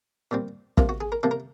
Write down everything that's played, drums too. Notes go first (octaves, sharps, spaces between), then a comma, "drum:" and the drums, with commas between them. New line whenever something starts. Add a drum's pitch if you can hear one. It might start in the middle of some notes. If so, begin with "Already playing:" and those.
A#2 G3 C4
C3 F3 A#3 F4, drum: kick
F#4
G#4
A#4
C3 F3 A#3 A4
A#4